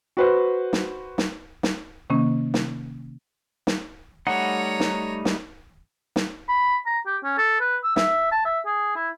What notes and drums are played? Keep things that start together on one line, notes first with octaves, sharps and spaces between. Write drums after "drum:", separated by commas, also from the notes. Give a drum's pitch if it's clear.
F#4 B4 C5
drum: snare
drum: snare
drum: snare
C3 D#3 A#3 C#4
drum: snare
drum: snare
G3 A3 D#4 C#5 F#5 A#5
drum: snare
drum: snare
drum: snare
B5
A#5
G4
C#4
A4
B4
E6
E5, drum: snare
A5
E5
G#4
E4